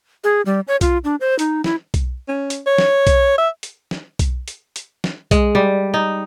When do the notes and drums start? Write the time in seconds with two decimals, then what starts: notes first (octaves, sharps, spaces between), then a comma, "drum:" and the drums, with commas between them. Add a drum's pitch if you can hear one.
0.24 G#4
0.46 G3
0.68 C#5
0.81 F4, drum: kick B1, hi-hat
1.04 D4
1.21 C5
1.39 D#4, drum: hi-hat
1.64 E4, drum: snare
1.94 drum: kick B1, hi-hat
2.28 C#4
2.50 drum: hi-hat
2.67 C#5
2.78 drum: snare
3.07 drum: kick B1, hi-hat
3.38 E5
3.63 drum: hi-hat
3.91 drum: snare
4.19 drum: kick B1, hi-hat
4.48 drum: hi-hat
4.76 drum: hi-hat
5.04 drum: snare
5.31 G#3, drum: kick B1, hi-hat
5.55 G3
5.94 D#4